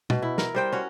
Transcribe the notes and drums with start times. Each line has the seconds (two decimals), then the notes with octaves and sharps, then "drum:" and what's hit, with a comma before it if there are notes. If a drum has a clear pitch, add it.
0.10 B2, drum: tom
0.22 E4
0.38 A#4, drum: snare
0.55 G3 C5 G5
0.72 C#4 F#4